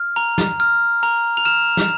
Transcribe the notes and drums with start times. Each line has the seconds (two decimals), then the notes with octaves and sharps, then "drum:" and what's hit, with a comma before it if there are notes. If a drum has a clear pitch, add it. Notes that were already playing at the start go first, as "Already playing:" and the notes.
Already playing: F6
0.16 A#5
0.38 drum: snare
0.60 F6
1.03 A#5
1.37 F7
1.45 F6 E7
1.77 drum: snare